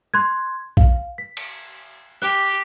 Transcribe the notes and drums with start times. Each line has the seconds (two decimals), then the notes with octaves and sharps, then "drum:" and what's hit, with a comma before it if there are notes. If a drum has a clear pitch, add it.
0.14 C6 F#6 G#6
0.77 F5, drum: kick
1.18 B6
1.37 drum: cymbal
2.22 G4 F#6